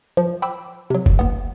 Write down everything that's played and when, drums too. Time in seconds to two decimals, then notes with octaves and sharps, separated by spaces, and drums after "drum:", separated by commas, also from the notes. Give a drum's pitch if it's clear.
0.17 F3
0.42 G5 B5 D6 E6
0.90 C3 F#3
1.06 drum: kick F#1
1.19 D#2 B3